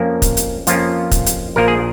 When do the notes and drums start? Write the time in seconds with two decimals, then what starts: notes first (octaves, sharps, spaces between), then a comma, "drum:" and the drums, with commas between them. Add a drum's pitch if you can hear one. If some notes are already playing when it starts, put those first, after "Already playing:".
Already playing: F2 F3 A#3 C#4 A#4
0.22 drum: kick, hi-hat
0.37 drum: hi-hat
0.67 F2 F3 A#3 C#4 F4, drum: hi-hat
1.11 drum: kick, hi-hat
1.26 drum: hi-hat
1.56 A#1 A#2 F3 A#3 A#4
1.68 G#4